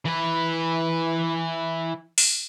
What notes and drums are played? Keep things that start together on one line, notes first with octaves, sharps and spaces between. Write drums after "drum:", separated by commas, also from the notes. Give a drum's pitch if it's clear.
E3 B4
drum: open hi-hat